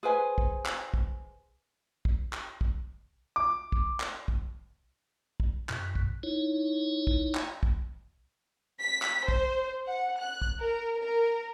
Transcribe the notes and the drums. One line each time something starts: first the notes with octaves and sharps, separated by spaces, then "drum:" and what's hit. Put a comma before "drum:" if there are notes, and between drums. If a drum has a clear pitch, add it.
G#4 B4 C5 G#5
drum: kick
drum: clap
drum: kick
drum: kick
drum: clap
drum: kick
D6
drum: kick
drum: clap
drum: kick
drum: kick
F#2 B2, drum: clap
drum: kick
D#4 E4 C#5
drum: kick
drum: clap
drum: kick
B6
drum: clap
C5, drum: kick
F#5
F#6
drum: kick
A#4
A#4